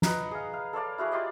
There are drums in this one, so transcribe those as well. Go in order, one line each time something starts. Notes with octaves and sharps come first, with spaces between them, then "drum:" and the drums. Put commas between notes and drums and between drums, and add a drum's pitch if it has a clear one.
B4 D#5 F#5 A#5, drum: snare
G#4 F5
F5
A4 C#5 D5 F5
E4 F#4 G#4 C#5
F4 G4 D5 D#5